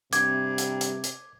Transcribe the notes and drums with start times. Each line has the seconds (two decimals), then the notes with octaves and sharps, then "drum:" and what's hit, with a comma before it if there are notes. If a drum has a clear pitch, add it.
0.13 G2 C3 D6 G#6, drum: hi-hat
0.58 drum: hi-hat
0.81 drum: hi-hat
1.04 drum: hi-hat